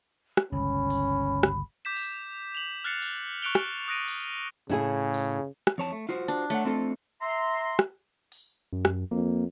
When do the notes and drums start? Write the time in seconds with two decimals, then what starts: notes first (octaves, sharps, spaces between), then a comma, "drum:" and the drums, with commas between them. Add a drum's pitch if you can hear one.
0.37 drum: rim click
0.52 G1 C#2 C#4 B5
0.90 drum: open hi-hat
1.43 drum: rim click
1.85 D6 G6 B6 E7
1.96 drum: open hi-hat
2.55 F7 F#7
2.84 F6 F#6 A6 C7 C#7
3.02 drum: open hi-hat
3.42 C#6 F#6 C#7 D7 F7 G7
3.55 drum: rim click
3.88 D#6 F#6 A#6 D7 D#7
4.08 drum: open hi-hat
4.69 A2 C#3 E4 G#4
5.14 drum: open hi-hat
5.67 drum: rim click
5.78 F2 C#5 A5
5.92 A3
6.09 F4 F#4 C5
6.28 D4
6.50 A3 C#5 F#5
6.65 C4 F4 A4
7.22 E5 A#5 C6
7.79 drum: rim click
8.32 drum: open hi-hat
8.73 F#2
8.85 drum: rim click
9.11 F2 A#3